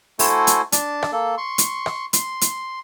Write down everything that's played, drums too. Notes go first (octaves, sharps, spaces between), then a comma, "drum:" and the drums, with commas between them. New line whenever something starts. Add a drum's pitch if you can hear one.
A3 E4 F#4 A4 C5 G#5, drum: open hi-hat
drum: hi-hat
D4 A5, drum: hi-hat
drum: rim click
A#3 A4
C6 C#6
drum: hi-hat
drum: rim click
C6, drum: hi-hat
drum: hi-hat